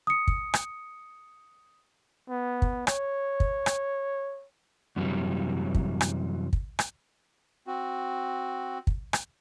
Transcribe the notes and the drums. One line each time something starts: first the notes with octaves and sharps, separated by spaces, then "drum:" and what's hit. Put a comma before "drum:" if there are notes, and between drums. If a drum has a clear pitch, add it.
D#6 C#7
drum: kick
drum: rim click
B3
drum: kick
C#5, drum: rim click
drum: kick
drum: rim click
F#2 C3 E3 F#3 G3
drum: kick
drum: rim click
drum: kick
drum: rim click
C4 F#4
drum: kick
drum: rim click